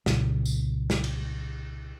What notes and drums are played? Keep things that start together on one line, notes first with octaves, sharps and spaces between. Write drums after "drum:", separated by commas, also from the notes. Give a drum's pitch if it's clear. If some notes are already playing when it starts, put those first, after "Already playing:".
C2 A#2 C#3, drum: snare
drum: tambourine
drum: snare
drum: cymbal